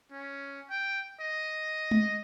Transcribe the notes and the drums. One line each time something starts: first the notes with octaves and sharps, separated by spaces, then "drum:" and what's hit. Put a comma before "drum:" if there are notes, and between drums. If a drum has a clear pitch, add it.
C#4
G5
D#5
drum: tom G#3